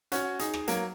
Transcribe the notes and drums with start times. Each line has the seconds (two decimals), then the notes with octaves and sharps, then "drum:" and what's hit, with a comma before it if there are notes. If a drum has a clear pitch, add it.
0.12 C#4 F#4, drum: hi-hat
0.39 D#4 G#4, drum: hi-hat
0.53 drum: rim click
0.68 F#3 A#3, drum: hi-hat